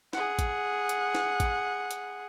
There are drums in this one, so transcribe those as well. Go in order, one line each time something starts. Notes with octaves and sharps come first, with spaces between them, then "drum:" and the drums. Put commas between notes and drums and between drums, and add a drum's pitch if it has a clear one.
G#4 F#5, drum: snare
drum: kick, hi-hat
drum: hi-hat
drum: snare
drum: kick, hi-hat
drum: hi-hat